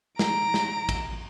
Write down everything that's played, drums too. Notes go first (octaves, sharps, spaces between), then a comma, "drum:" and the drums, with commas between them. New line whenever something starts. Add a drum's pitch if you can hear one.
A#5 D7, drum: snare
drum: snare
drum: kick, cymbal